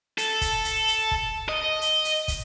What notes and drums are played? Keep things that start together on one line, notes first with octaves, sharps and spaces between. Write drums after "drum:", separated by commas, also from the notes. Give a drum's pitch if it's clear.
A4, drum: hi-hat
drum: kick, hi-hat
drum: hi-hat
drum: hi-hat
drum: kick
D#5
drum: hi-hat
drum: hi-hat
drum: kick, hi-hat